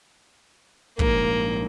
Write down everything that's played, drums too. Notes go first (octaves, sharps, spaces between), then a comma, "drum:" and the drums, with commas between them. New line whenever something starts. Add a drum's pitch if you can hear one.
A#1 G#2 A#3, drum: kick